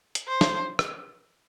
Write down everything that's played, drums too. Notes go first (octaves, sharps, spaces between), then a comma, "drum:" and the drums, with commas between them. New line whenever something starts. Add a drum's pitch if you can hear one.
drum: hi-hat
C5
drum: snare
drum: rim click